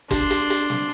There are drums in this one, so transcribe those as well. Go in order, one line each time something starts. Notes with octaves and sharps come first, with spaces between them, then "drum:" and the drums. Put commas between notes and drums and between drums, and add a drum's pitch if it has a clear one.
D4 C6, drum: kick, hi-hat
drum: hi-hat
drum: hi-hat
drum: snare